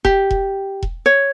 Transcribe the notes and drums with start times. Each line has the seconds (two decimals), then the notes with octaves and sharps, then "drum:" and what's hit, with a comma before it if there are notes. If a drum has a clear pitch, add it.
0.05 G4, drum: kick E1
0.31 drum: kick E1
0.83 drum: kick E1
1.06 C#5